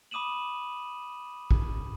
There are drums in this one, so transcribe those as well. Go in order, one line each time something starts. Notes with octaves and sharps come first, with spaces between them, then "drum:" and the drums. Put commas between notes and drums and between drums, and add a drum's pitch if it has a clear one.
B5 D6 D#6 D#7 E7 F#7
drum: kick